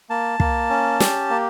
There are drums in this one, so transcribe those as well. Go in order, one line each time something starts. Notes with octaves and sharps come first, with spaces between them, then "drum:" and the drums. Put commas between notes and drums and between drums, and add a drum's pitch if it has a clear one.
A#3 A5
A#3, drum: kick
C#4
G4, drum: snare
A#3